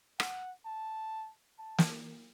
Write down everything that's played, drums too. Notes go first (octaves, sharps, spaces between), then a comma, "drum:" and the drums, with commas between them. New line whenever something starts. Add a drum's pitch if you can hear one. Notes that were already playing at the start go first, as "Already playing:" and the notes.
F#5, drum: rim click
A5
A5
drum: snare